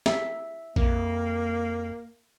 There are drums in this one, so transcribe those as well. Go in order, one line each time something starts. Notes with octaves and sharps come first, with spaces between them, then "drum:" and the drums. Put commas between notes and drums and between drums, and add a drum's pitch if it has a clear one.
E5, drum: snare
F2 A#3, drum: kick A#1